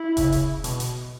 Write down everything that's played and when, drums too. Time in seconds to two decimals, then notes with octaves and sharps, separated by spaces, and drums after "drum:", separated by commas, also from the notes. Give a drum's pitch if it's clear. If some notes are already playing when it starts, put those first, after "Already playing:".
Already playing: E4
0.17 C#3, drum: kick E1, hi-hat
0.32 drum: hi-hat
0.64 B2, drum: hi-hat
0.80 drum: hi-hat